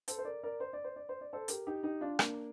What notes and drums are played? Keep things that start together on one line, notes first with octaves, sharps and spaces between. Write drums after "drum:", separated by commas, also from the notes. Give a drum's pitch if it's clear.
A4 C5, drum: hi-hat
C5
A#4 D5
A#4 D5
C5
D5
C5
D5
C5
D5
A4 C5
G4 A#4, drum: hi-hat
D#4 G4
D#4 G4
D4 F4
A#3 D4, drum: rim click